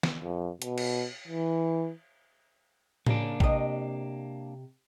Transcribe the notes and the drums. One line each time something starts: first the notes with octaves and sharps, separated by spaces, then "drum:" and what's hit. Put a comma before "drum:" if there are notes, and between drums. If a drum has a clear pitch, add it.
drum: snare
F2
B2, drum: hi-hat
drum: cymbal
E3
C#3 A#3 D4, drum: tom A2
C3 D#5, drum: kick